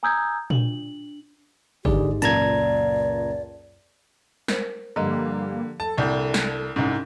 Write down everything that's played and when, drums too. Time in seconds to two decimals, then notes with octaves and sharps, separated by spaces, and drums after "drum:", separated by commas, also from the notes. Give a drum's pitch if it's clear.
0.03 G#5 A#5 D#6 E6 G6 G#6
0.50 D4 F#7, drum: tom A#2
1.85 G#2 D3 G4 G#4 D5, drum: kick G#1
2.22 C#2 F#2 A#2 D5 A5 A#5 G#6, drum: hi-hat
4.48 A#4 C5, drum: snare
4.96 G2 D3 F3 G3 A#3 D#5 A#5
5.80 A4 A5
5.97 C2 D4 F#5 A5 G6
6.34 drum: snare
6.76 C2 G#2 C#4